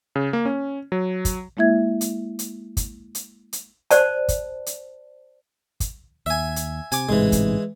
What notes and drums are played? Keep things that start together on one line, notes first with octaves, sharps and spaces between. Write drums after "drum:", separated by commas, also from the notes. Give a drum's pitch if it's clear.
C#3
A#3
C#4
F#3
drum: kick, hi-hat
G#3 A#3 E4 E5 G#6
drum: hi-hat
drum: hi-hat
drum: kick, hi-hat
drum: hi-hat
drum: hi-hat
C5 D5 A5, drum: hi-hat
drum: kick, hi-hat
drum: hi-hat
drum: kick, hi-hat
D#2 E5 G#5
drum: hi-hat
C3 G#5 D6, drum: hi-hat
A1 G#2 C3 E3 G#3
drum: kick, hi-hat